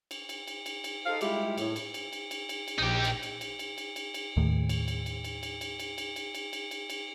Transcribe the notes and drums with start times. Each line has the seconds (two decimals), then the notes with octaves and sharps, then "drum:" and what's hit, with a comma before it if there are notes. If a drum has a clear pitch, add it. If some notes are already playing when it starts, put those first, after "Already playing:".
0.11 drum: cymbal
0.29 drum: cymbal
0.47 drum: cymbal
0.66 drum: cymbal
0.84 drum: cymbal
1.06 D#4 A4 C5 F5
1.21 G3 G#3 E4 F4 G4, drum: cymbal
1.58 A2, drum: cymbal
1.76 drum: cymbal
1.94 drum: cymbal
2.13 drum: cymbal
2.31 drum: cymbal
2.49 drum: cymbal
2.68 drum: cymbal
2.79 A#1 D#4 G4
3.04 drum: cymbal
3.23 drum: cymbal
3.41 drum: cymbal
3.59 drum: cymbal
3.78 drum: cymbal
3.96 drum: cymbal
4.14 drum: cymbal
4.37 D#2 A2
4.69 drum: cymbal
4.88 drum: cymbal
5.06 drum: cymbal
5.24 drum: cymbal
5.43 drum: cymbal
5.61 drum: cymbal
5.80 drum: cymbal
5.98 drum: cymbal
6.16 drum: cymbal
6.35 drum: cymbal
6.53 drum: cymbal
6.71 drum: cymbal
6.90 drum: cymbal